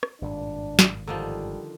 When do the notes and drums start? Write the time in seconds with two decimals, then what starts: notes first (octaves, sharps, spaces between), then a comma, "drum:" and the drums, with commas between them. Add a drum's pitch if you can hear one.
0.03 drum: rim click
0.22 G#1 G2 A#2 D4
0.79 drum: snare
1.07 D3 D#3 F3 G3